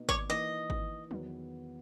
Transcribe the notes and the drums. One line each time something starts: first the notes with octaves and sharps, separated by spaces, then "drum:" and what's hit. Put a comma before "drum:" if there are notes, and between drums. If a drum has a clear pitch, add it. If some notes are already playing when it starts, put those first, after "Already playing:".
Already playing: B2 A#3 D#4
C#5, drum: kick G#1
E3 A#3 D#4 D#5
drum: kick G#1
E2 D#3 F#3 B3, drum: tom F3